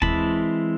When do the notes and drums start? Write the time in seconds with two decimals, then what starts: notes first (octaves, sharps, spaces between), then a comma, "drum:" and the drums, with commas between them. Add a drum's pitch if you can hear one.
0.02 E3 G#3 C4 E4 A5 B5, drum: kick